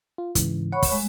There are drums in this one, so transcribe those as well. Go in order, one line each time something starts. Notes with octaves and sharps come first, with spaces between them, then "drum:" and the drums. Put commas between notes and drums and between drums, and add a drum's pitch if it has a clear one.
F4
G#2 C#3 E3, drum: kick, hi-hat
C#5 F#5 B5 C#6
drum: kick, open hi-hat
G#3